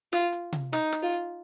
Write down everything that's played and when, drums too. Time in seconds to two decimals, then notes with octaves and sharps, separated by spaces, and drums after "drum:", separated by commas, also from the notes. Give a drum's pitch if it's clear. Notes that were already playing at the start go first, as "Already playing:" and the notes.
0.13 F4, drum: snare
0.32 drum: hi-hat
0.52 drum: tom C3
0.73 D#4, drum: snare
0.92 drum: snare
1.03 F4
1.12 drum: hi-hat